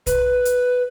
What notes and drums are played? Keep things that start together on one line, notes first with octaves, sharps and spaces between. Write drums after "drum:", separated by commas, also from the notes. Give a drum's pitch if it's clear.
B4, drum: kick, hi-hat
drum: hi-hat